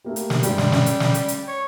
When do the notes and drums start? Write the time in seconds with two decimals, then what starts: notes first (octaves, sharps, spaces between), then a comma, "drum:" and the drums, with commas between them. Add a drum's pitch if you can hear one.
0.04 A3 A#3 G4
0.16 drum: hi-hat
0.30 drum: snare
0.43 G2 G3 G#3, drum: hi-hat
0.58 drum: snare
0.72 C#4, drum: snare
0.86 drum: hi-hat
1.00 drum: snare
1.14 drum: hi-hat
1.28 drum: hi-hat
1.48 C#5